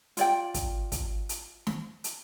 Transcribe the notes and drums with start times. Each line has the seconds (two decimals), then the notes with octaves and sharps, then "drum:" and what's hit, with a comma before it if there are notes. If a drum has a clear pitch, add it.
0.17 F4 D5 G5, drum: hi-hat
0.54 drum: kick, hi-hat
0.92 drum: kick, hi-hat
1.29 drum: hi-hat
1.67 drum: snare
2.04 drum: hi-hat